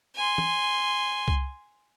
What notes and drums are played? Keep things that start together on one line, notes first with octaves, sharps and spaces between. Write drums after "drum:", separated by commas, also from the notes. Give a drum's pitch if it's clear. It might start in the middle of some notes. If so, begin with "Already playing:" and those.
G#5 C6
drum: tom
drum: kick C2